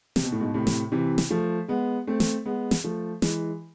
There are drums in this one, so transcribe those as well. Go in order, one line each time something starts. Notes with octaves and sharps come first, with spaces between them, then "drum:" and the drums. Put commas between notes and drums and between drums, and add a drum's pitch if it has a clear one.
C3, drum: snare
B2
A2
G#2 B2
A2 C3
drum: snare
C3 E3
drum: snare
F3 A3
G#3 B3
A3 C4
drum: snare
G#3 B3
drum: snare
F3 A3
E3 G#3, drum: snare